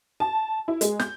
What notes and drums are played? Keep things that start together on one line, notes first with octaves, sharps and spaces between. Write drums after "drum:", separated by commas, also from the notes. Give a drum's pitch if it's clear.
A5
E4
G#3, drum: hi-hat
G6, drum: snare